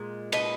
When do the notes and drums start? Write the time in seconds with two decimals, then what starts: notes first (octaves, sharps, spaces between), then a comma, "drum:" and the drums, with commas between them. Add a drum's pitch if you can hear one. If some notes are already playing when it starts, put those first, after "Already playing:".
Already playing: A#2 G#3
0.32 B4 D#5, drum: cymbal